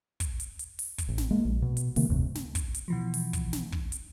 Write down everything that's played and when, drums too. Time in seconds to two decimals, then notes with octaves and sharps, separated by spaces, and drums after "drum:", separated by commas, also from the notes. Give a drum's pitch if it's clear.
0.20 drum: kick, hi-hat
0.40 drum: hi-hat
0.59 drum: hi-hat
0.79 drum: open hi-hat
0.98 drum: kick, hi-hat
1.09 A1
1.18 drum: snare
1.31 G#3 A#3
1.45 A#1
1.62 B2
1.77 drum: hi-hat
1.96 C3 D#3 A3 A#3, drum: open hi-hat
2.09 F1 D2 G2 C3
2.35 drum: snare
2.55 drum: kick, hi-hat
2.74 drum: hi-hat
2.88 B2 E3 F3
3.14 drum: open hi-hat
3.33 drum: kick, hi-hat
3.53 drum: snare
3.72 drum: kick
3.92 drum: hi-hat